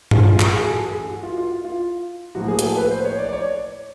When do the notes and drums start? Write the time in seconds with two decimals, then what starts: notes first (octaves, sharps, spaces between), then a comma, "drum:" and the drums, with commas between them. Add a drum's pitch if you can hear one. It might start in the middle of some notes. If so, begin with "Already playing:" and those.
0.11 F#2 C#3 E3 A3 F4, drum: tom G2
0.26 F4
0.40 F#4, drum: clap
0.54 G#4
0.67 A4
0.81 G#4
1.09 F#4
1.23 F4
1.38 F4
1.65 F4
2.35 A2 F3 A#3 F#4
2.48 G#4
2.59 G#4, drum: hi-hat
2.62 A4
2.77 B4
2.91 C5
3.05 C#5
3.19 D5
3.29 D5
3.33 C#5